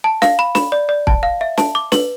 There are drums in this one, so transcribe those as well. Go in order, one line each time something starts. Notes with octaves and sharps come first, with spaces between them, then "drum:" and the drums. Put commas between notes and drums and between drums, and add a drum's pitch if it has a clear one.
A5
F5, drum: snare
B5
B5, drum: snare
D5
D5
A5, drum: kick
F5
E5
A5, drum: snare
D6
B4, drum: snare